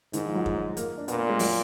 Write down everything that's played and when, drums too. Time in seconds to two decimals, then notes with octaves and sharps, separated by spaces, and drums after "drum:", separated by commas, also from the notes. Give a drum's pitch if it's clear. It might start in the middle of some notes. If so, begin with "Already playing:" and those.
0.13 G#2 D#3, drum: hi-hat
0.25 F3
0.35 F#3
0.46 G#3, drum: kick
0.77 A#3, drum: hi-hat
0.98 D4
1.08 A#2 B3, drum: hi-hat
1.19 A#3
1.29 G#3
1.39 F#3, drum: open hi-hat